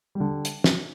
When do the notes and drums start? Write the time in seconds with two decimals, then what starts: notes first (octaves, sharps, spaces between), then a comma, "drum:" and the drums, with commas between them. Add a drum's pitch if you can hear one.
0.15 G3
0.20 D3
0.45 drum: hi-hat
0.64 drum: snare